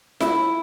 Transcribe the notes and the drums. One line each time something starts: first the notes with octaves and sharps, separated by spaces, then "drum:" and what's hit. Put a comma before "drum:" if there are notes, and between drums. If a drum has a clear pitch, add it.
E4, drum: snare F4